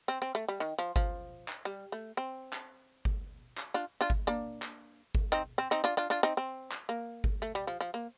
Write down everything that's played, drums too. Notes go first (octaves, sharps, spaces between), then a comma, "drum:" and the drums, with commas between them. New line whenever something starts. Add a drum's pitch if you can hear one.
C4
C4
A3
G3
D#3
F3
F3, drum: kick G1
drum: clap
G3
A3
C4
drum: clap
drum: kick G1
drum: clap
D4 F4
D4 F4
drum: kick G1
A#3 D4
drum: clap
drum: kick G1
C4 D#4
C4
C4 D#4
D4 F4
D4 F4
D4 F4
C4 D#4
C4
drum: clap
A#3
drum: kick G1
A3
G3
F3
F3
A#3